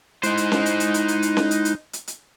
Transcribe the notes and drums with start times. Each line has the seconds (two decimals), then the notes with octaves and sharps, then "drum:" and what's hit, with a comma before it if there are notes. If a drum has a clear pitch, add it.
0.23 G#3 D#4 E4 C5 F#6, drum: hi-hat
0.37 drum: hi-hat
0.52 drum: snare C#4
0.66 drum: hi-hat
0.80 drum: hi-hat
0.94 drum: hi-hat
1.08 drum: hi-hat
1.22 drum: hi-hat
1.37 drum: snare C#4
1.51 drum: hi-hat
1.65 drum: hi-hat
1.93 drum: hi-hat
2.07 drum: hi-hat